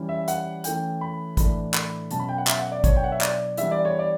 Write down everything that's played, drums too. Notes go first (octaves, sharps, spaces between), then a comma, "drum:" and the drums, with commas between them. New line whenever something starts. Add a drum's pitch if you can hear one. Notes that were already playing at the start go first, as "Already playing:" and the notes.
Already playing: E3 G3 C#4
E5
F#5, drum: hi-hat
E3 A3 C#4 G5, drum: hi-hat
B5
A2 E3 A3 D4 B5, drum: kick G#1, hi-hat
B5, drum: clap
B2 F#3 C#4 A5, drum: hi-hat
B5
G5
F#5
E5, drum: clap
F#5
D5
B2 F#3 B3 D4 C#5, drum: kick G#1, hi-hat
G5
F#5
E5
D5, drum: clap
E3 G3 B3 D4 E5, drum: hi-hat
D5
C#5
D5